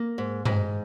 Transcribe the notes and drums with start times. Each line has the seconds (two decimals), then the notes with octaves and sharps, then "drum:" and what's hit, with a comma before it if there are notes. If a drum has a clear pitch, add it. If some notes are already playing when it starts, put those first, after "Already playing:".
Already playing: A#3
0.18 G#2
0.45 G#2, drum: tom G2